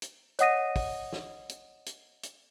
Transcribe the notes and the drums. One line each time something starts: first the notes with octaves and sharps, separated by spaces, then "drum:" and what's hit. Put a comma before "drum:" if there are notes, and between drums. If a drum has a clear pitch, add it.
drum: hi-hat
C#5 D#5 F#5 D#6 A#6 D#7, drum: hi-hat
drum: kick, open hi-hat
drum: snare
drum: hi-hat
drum: hi-hat
drum: hi-hat